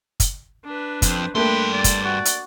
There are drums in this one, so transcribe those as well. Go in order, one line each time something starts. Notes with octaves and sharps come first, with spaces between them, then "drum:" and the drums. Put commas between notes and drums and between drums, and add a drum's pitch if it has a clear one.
drum: kick, hi-hat
D4 B4
F2 C5, drum: kick, hi-hat
G2 A3 A#3 D4 B4 G5 C6
D5
drum: kick, hi-hat
F#4 D5
drum: hi-hat